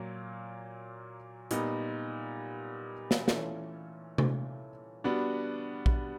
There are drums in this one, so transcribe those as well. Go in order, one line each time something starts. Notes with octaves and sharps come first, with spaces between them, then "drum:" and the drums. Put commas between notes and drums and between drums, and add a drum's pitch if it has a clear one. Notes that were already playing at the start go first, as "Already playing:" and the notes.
Already playing: A#2 F#3 A#3
A#2 G3 B3 D#4, drum: hi-hat
drum: snare
E3 A3 C#4 F4 A4, drum: snare
drum: tom C3
G3 B3 D4 F#4
drum: kick A#1